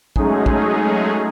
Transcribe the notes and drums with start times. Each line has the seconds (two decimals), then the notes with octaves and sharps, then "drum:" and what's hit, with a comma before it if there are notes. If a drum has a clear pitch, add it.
0.16 F#3 G#3 A3 C#4 D#4 G#4, drum: kick
0.46 drum: kick